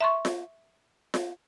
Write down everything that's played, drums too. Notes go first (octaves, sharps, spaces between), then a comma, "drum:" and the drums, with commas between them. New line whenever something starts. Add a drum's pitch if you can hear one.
E5 C6 C#6
drum: snare F4
drum: snare F4